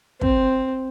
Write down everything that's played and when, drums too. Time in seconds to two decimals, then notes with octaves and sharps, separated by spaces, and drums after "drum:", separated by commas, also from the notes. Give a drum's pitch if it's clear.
0.21 C4, drum: kick